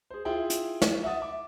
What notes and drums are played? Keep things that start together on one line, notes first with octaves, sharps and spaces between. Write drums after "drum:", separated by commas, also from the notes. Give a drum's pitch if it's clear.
G#4 C5
E4 F4 G#4 G5
drum: hi-hat
drum: snare
E5 F#5 D#6 A6
E5 D6